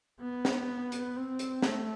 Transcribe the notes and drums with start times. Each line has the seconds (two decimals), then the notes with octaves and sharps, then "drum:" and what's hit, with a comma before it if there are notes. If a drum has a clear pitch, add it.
0.21 B3
0.45 drum: snare
0.92 drum: hi-hat
1.16 C4
1.39 drum: hi-hat
1.62 A3, drum: snare